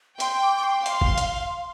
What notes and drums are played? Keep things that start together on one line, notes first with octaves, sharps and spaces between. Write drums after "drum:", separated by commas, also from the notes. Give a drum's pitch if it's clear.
G5 C6, drum: hi-hat
D6
D6
C6
F5, drum: hi-hat
drum: kick
drum: hi-hat